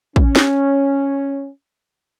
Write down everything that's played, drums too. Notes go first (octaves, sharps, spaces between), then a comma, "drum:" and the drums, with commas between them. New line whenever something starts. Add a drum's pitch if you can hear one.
C#4, drum: kick
drum: snare